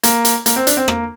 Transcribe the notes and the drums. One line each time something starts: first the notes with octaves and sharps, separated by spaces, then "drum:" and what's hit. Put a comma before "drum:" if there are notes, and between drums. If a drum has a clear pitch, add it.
A#3, drum: hi-hat
drum: hi-hat
A#3, drum: hi-hat
C4
D4, drum: hi-hat
C4
A#3, drum: rim click